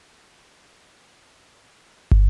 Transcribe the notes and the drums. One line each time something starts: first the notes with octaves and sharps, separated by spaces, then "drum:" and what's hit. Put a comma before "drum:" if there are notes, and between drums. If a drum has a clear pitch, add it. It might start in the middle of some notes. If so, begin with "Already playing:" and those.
F#2 C#3 G#3 E4
E2 E3 G#3 E4
C#2 B2 F#3 F#4
F#2 C#3 G#3 C#5
E2 E3 G#3 E5
F#2 F#3
drum: kick